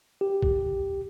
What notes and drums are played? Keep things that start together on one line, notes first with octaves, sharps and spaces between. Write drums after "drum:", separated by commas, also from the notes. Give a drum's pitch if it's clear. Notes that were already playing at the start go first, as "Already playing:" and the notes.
G4
drum: kick